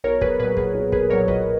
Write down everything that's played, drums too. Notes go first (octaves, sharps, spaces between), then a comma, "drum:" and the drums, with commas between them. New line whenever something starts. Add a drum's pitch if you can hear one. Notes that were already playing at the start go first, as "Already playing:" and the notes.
B1 A#4 C#5
G#4 B4, drum: kick
A#2 F#3 G#4 B4
G#4 B4, drum: kick
B1
G#4 B4, drum: kick
A#2 F#3 A#4 C#5
B4 D#5, drum: kick